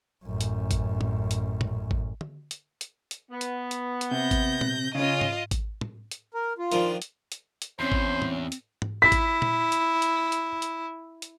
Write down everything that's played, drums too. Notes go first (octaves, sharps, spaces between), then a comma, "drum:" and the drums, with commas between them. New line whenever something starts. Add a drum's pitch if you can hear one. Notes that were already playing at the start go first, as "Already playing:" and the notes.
A1 F#2
drum: hi-hat
drum: kick G#1, hi-hat
drum: tom
drum: hi-hat
drum: tom A#2
drum: kick G#1
drum: tom D3
drum: hi-hat
drum: hi-hat
drum: hi-hat
B3
drum: hi-hat
drum: hi-hat
drum: hi-hat
C3 G6 A#6
drum: kick G#1, hi-hat
drum: tom A#2
C#3 C#4 F4 D#5
drum: tom G#2
drum: kick G#1, hi-hat
drum: tom
drum: hi-hat
A#4
F4
D#3 F3 D4, drum: hi-hat
drum: hi-hat
drum: hi-hat
drum: hi-hat
E2 C4 C#4 C5
drum: kick G#1
drum: tom
drum: hi-hat
drum: tom G#2
E4 B6
drum: kick G#1, hi-hat
drum: tom A#2
drum: hi-hat
drum: hi-hat
drum: hi-hat
drum: hi-hat
drum: hi-hat